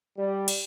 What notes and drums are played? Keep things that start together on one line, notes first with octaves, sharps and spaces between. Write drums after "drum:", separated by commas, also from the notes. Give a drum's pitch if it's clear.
G3
drum: cymbal